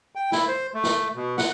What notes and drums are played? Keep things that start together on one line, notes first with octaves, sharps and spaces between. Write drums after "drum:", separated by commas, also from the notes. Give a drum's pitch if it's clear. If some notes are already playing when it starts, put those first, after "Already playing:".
G5
E4, drum: snare
C5
A3
drum: snare
B2
F#5, drum: snare